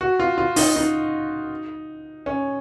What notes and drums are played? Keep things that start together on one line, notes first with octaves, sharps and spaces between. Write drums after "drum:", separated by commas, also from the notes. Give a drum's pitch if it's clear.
F#4
F4
F4
D#4, drum: open hi-hat
D#4
C#4